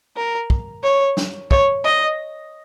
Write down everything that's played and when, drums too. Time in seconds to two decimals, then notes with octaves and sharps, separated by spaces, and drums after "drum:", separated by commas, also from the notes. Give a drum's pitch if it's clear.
0.17 A#4
0.50 drum: kick
0.84 C#5
1.17 drum: snare
1.51 C#5, drum: kick
1.84 D#5